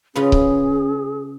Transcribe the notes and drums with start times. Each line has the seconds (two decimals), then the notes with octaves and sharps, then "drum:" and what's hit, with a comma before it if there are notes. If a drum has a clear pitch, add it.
0.15 C#3 C#4 F4 G#4 B4
0.32 drum: kick C#1